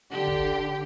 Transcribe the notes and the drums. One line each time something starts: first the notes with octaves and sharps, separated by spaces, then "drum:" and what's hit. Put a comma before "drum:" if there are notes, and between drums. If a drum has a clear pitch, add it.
D3 G4
drum: kick